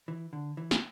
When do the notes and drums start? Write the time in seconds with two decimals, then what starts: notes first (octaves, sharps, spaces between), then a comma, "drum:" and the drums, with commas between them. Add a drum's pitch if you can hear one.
0.08 E3
0.33 D3
0.57 E3
0.71 drum: snare